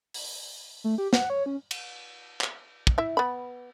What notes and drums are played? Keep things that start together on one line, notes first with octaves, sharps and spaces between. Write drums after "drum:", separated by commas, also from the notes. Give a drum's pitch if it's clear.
drum: open hi-hat
A3
G4
F#5, drum: snare
C#5
C#4
drum: cymbal
drum: clap
drum: kick
E4 E5
B3 B5